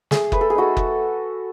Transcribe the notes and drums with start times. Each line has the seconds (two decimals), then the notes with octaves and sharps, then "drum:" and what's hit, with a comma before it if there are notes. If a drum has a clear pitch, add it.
0.11 A3 G#4, drum: snare
0.32 A3 B4, drum: kick F#1
0.41 A4
0.50 G#4
0.55 D#4 F#4 A4
0.77 drum: kick F#1